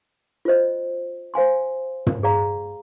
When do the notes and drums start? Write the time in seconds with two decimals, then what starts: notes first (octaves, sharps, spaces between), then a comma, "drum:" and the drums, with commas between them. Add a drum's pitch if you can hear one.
0.45 F4 C5 D#5
1.34 C5 F5 G#5 C6
2.07 drum: tom
2.23 G#4 D5 F5 A#5